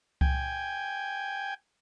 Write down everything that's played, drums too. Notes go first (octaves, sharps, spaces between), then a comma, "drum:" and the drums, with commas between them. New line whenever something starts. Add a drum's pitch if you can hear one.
G5 G#5, drum: kick C2